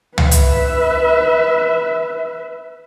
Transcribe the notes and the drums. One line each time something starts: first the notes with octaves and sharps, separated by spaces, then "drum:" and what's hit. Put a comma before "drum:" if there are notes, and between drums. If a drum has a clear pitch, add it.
B4 E5, drum: tom
drum: hi-hat